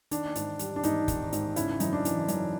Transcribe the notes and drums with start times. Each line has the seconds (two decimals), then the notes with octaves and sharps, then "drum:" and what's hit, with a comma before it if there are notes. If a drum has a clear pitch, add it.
0.11 D#3 D4, drum: hi-hat
0.35 G#2, drum: hi-hat
0.59 G3, drum: hi-hat
0.76 D4
0.83 G#2 D#4, drum: hi-hat
1.08 D#3, drum: kick, hi-hat
1.32 G#2, drum: hi-hat
1.56 C#3 E4, drum: hi-hat
1.80 F#2 D#4, drum: hi-hat
1.93 D4
2.05 E3, drum: hi-hat
2.28 F#2, drum: hi-hat